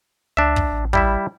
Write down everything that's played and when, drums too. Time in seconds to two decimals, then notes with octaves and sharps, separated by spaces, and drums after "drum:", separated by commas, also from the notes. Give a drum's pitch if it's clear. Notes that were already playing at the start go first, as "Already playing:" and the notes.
0.37 C#2 D4 E5
0.56 drum: kick
0.72 A1
0.93 G3 E4 E5, drum: kick